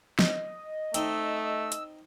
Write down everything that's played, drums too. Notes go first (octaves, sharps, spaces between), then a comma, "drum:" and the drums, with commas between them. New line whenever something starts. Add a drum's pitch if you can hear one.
D#5, drum: snare
A3 C4 D#4 E6, drum: hi-hat
drum: hi-hat